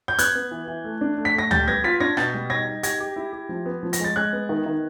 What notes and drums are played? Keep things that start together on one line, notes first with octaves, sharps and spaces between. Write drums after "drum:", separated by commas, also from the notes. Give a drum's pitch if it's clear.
G6
B3 F#6 G#6, drum: hi-hat
B3
E3
E3
A3
D4
A3
B6
A3 A#6
G3 G6 A6, drum: tom D2
B3 G#6 A#6
F4 A6 B6
D4 G#6 A#6
B2 G6 A6, drum: rim click
G3
D#4 G#6 A#6
D#4
G4 G#6 A#6, drum: hi-hat
G4
E4
G4
F3
B3
F3
A#6, drum: hi-hat
G#3 A6
G#3 F#6 G#6
B3
D#3
D#3